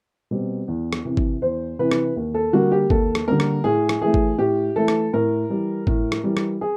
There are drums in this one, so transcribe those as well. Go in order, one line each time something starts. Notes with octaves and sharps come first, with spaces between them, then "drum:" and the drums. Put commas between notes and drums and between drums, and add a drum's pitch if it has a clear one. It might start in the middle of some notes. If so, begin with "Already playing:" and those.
B2 G3 C4
E2
drum: rim click
C3 E3
drum: kick G#1
E2 C5
C3 E3 B4
drum: rim click
D#2
A4
D3 G3 A#3 F#4
G4
D#2 A4, drum: kick G#1
drum: rim click
D3 G3 A#3 A#4
drum: rim click
A2 G#4
drum: rim click
E3 A3 G#4
drum: kick G#1
A2 G4
E3 A3 A4
drum: rim click
A2 A#4
E3 G3
A2, drum: kick G#1
drum: rim click
E3 G3
drum: rim click
G#4